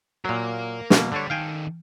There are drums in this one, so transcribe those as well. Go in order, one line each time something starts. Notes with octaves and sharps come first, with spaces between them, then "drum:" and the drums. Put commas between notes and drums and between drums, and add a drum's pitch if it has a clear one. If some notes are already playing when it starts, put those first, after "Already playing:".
A#2 F#3 A#4 F5
B2 A#3, drum: snare
D3 G3 D4 C#5
D#3 A4 F5 G5 G#5